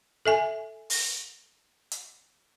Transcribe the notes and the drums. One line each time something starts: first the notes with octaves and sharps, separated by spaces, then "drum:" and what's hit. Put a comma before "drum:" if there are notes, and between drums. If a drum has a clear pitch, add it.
A4 E5 G#5
drum: open hi-hat
drum: hi-hat